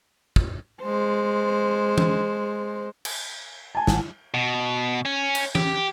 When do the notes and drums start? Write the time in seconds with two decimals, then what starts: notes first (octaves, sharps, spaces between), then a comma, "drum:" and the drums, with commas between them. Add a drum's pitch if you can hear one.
0.36 drum: kick
0.82 G#3 C5
1.98 drum: tom E3
3.05 drum: cymbal
3.75 G#5 A5
3.87 G#1, drum: snare
4.34 B2
5.05 C#4
5.35 drum: cymbal
5.55 G4, drum: tom E3